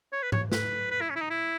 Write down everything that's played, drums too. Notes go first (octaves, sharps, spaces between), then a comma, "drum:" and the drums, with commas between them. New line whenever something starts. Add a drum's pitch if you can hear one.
C#5
B4
C#5, drum: tom G#2
B4, drum: snare
B4
E4
C#4
E4
D#4
E4